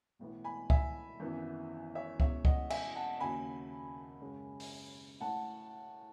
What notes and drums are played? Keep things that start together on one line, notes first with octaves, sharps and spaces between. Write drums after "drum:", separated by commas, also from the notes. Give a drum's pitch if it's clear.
B1 A2 E3 B3
G#5 B5
E5 G#5, drum: kick C#2
G#1 F#2 E3 B3
C#5 E5
E2 B2 G#3 C#4 C#5 E5, drum: kick C#2
D#5 F#5, drum: kick C#2
E5 G#5, drum: cymbal
F#5 A5
D#2 C#3 F#3 G#5 B5
F#2 C#3 G#3 C#4
drum: open hi-hat
A2 F#5 A5